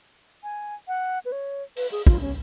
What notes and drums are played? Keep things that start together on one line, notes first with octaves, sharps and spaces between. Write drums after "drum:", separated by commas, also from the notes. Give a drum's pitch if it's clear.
G#5
F#5
B4
C#5
B4, drum: open hi-hat
G#4
F4, drum: kick
C#4